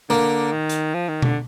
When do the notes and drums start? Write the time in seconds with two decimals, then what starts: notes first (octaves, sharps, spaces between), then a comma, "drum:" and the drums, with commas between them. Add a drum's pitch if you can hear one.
0.10 D3 A#3
0.52 D#3
0.69 drum: hi-hat
0.94 F3
1.08 D#3
1.22 D3, drum: tom B2